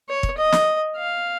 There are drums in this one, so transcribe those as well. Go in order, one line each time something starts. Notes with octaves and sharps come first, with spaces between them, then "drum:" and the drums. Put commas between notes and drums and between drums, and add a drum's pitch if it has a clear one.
C#5
drum: kick
D#5
drum: snare
F5